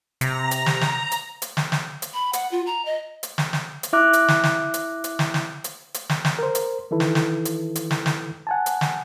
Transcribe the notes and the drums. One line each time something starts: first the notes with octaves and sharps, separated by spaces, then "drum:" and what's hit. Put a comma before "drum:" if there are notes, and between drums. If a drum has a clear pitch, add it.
C3 A#5, drum: hi-hat
drum: hi-hat
drum: snare
drum: snare
drum: hi-hat
drum: hi-hat
drum: snare
drum: snare
drum: hi-hat
B5
F#5, drum: hi-hat
F4
A#5
D#5
drum: hi-hat
drum: snare
drum: snare
drum: hi-hat
E4 E5 D6 F#6
drum: hi-hat
drum: snare
drum: snare
drum: hi-hat
drum: hi-hat
drum: snare
drum: snare
drum: hi-hat
drum: hi-hat
drum: snare
drum: snare
A#4 C5
drum: hi-hat
D#3 E3 E4 A4 B4
drum: snare
drum: snare
drum: hi-hat
drum: hi-hat
drum: snare
drum: snare
F#5 G#5 A5
drum: hi-hat
drum: snare